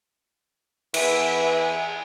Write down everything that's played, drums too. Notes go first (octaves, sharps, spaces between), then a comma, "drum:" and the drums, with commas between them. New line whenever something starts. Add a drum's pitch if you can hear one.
E3 B3 G#4 E5, drum: cymbal